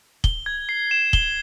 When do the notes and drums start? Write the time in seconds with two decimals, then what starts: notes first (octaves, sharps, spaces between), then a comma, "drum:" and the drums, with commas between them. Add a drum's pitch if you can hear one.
0.24 G7, drum: kick
0.46 G#6
0.69 C7
0.91 E7
1.13 G7, drum: kick